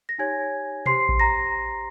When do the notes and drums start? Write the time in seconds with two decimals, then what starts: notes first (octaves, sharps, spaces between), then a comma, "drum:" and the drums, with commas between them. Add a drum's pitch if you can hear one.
0.09 A#6
0.18 D#4 G4 C#5 G#5 G#6
0.86 G4 C5 C6 C7, drum: tom B2
1.09 drum: kick A1
1.20 A#5 A#6